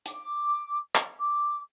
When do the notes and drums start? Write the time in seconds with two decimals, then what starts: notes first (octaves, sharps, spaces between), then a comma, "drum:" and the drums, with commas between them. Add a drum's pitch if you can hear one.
0.06 D6, drum: hi-hat
0.95 drum: clap
1.19 D6